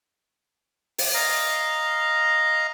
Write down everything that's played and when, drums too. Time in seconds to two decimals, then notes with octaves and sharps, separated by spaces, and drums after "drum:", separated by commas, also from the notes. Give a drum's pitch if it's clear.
0.98 drum: open hi-hat
1.14 D#5 F5 A#5